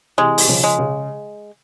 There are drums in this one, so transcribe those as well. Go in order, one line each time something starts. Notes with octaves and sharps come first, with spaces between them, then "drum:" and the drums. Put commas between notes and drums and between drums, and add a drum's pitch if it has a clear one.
C3 E3 G#3
G3, drum: open hi-hat
C#3 F3
G#3
C#3